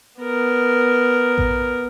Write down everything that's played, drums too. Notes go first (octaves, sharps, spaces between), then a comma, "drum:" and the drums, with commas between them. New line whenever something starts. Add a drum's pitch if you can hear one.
B3 A#4
drum: kick A1